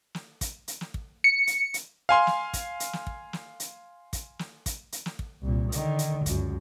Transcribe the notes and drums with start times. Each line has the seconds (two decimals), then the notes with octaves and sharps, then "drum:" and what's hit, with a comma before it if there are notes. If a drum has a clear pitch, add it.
0.15 drum: snare
0.41 drum: kick, hi-hat
0.68 drum: hi-hat
0.81 drum: snare
0.94 drum: kick
1.24 C#7
1.47 drum: hi-hat
1.74 drum: hi-hat
2.09 F5 G#5 C6
2.27 drum: snare
2.53 drum: kick, hi-hat
2.80 drum: hi-hat
2.93 drum: snare
3.07 drum: kick
3.33 drum: snare
3.60 drum: hi-hat
4.13 drum: kick, hi-hat
4.39 drum: snare
4.66 drum: kick, hi-hat
4.92 drum: hi-hat
5.06 drum: snare
5.19 drum: kick
5.42 C2 A#2
5.72 D3 D#3, drum: hi-hat
5.99 drum: hi-hat
6.26 C#2 F#2, drum: kick, hi-hat